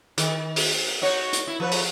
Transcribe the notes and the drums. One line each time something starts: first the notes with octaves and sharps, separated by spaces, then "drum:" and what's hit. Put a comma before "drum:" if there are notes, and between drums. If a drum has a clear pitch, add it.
D#3, drum: hi-hat
drum: open hi-hat
D#4 F#4 C#5
drum: hi-hat
E4
F3 B4
drum: open hi-hat